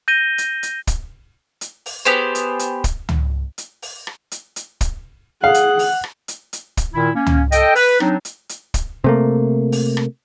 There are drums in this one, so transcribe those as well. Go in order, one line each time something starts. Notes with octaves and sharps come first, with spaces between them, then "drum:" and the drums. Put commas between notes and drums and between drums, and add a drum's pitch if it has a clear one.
G6 A#6 D#7 G7
drum: hi-hat
drum: hi-hat
drum: kick, hi-hat
drum: hi-hat
drum: open hi-hat
B3 G4 G#4 C5
drum: hi-hat
drum: hi-hat
drum: kick, hi-hat
drum: tom C#2
drum: hi-hat
drum: open hi-hat
drum: rim click
drum: hi-hat
drum: hi-hat
drum: kick, hi-hat
G#4 F5 F#5
drum: hi-hat
drum: open hi-hat
drum: rim click
drum: hi-hat
drum: hi-hat
drum: kick, hi-hat
A#2 D#3 E4
A#3 C#4
drum: tom C#2
A4 D#5 G5, drum: hi-hat
B4, drum: open hi-hat
F#3 C4 D4 D#4, drum: rim click
drum: hi-hat
drum: hi-hat
drum: kick, hi-hat
C3 A3 A#3
drum: open hi-hat
drum: rim click